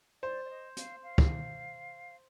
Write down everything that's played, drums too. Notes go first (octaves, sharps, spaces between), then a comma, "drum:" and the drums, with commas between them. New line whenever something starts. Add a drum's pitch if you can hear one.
C5 D5
D5
D#5
F5, drum: hi-hat
F5
drum: kick